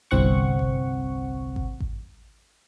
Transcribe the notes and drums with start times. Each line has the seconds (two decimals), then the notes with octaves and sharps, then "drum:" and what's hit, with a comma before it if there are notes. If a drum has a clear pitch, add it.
0.11 G1 C2 C4 F#5 C#6
0.59 drum: kick G#1
1.56 drum: kick G#1
1.80 drum: kick G#1